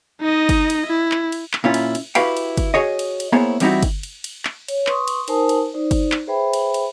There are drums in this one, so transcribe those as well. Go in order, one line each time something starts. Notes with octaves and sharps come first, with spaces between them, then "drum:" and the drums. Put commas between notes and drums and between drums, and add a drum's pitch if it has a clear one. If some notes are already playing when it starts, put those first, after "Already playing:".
D#4 D#5
drum: kick G1, cymbal
drum: cymbal
E4
drum: clap
drum: cymbal
drum: clap
A#2 C#4 E4 F4
drum: cymbal
drum: cymbal
E4 F#4 G4 B4 F5 G5, drum: cymbal
drum: cymbal
drum: kick G1, cymbal
F#4 G#4 C#5 D#5
drum: cymbal
drum: cymbal
A#3 B3 E4 G#4 C5 C#5
E3 G3 C4 D#4 E4 F#4, drum: cymbal
drum: kick G1, cymbal
drum: cymbal
drum: cymbal
drum: clap
C#5, drum: cymbal
B4 C6 C#6 D#6, drum: clap
drum: cymbal
D#4 A#4 C5 G#5 A5 D#6, drum: cymbal
drum: cymbal
D#4 C5 D5
drum: kick G1, cymbal
drum: clap
G#4 B4 C5 E5 G5 B5
drum: cymbal
drum: cymbal